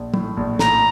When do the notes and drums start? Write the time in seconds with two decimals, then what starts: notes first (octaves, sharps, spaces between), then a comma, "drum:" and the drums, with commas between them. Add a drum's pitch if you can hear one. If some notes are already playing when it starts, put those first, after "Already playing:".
Already playing: A#1
0.14 A2, drum: tom
0.37 A#1
0.59 A2 A#5, drum: snare